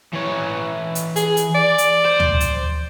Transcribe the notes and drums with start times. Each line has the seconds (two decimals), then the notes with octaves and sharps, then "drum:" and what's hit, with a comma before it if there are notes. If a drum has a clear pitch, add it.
0.13 E3 C#5
0.95 drum: hi-hat
1.16 G#4, drum: hi-hat
1.37 drum: hi-hat
1.55 D5
1.78 drum: hi-hat
2.05 C5
2.20 drum: tom D2
2.40 drum: hi-hat